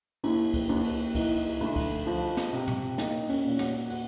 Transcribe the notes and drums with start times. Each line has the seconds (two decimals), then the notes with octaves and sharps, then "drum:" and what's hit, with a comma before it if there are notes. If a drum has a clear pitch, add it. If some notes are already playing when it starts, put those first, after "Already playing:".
0.24 D#2 E4, drum: cymbal
0.54 drum: kick C#2, cymbal
0.69 D#2
0.84 drum: cymbal
1.15 E3 D#4, drum: kick C#2, cymbal
1.45 drum: cymbal
1.61 D2
1.76 drum: kick C#2, cymbal
2.07 F3, drum: cymbal
2.37 drum: snare
2.53 C3
2.68 drum: tom
2.98 A#3 D#4, drum: snare
3.29 C#4, drum: cymbal
3.45 A#2
3.59 F#4, drum: snare
3.90 F#4, drum: cymbal